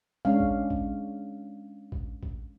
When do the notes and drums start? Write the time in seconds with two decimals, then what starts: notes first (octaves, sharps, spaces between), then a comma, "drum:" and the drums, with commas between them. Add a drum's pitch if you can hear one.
0.25 G#3 C#4 D4 F5
0.40 drum: kick A1
0.70 drum: kick A1
1.92 drum: kick A1
2.23 drum: kick A1